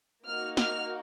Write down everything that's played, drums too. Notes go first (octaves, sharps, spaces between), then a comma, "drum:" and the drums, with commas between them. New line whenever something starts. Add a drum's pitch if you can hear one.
A#3 D#4 F#4 F6
F6, drum: snare